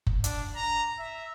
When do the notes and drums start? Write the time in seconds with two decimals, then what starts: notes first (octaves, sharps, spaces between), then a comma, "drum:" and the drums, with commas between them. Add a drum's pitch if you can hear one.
0.07 drum: kick F#1
0.24 D4, drum: hi-hat
0.56 A#5
0.99 E5